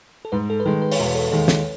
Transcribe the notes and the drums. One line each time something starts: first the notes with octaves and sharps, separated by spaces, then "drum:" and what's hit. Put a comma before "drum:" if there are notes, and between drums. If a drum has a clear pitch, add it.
A4
G#2 B4
A4
B4
D#3 G#3 A4
B4
C#5, drum: open hi-hat
E1 B4
A4 C#5
D#2 D#3 G#3 A4 C#5
A4 C#5, drum: snare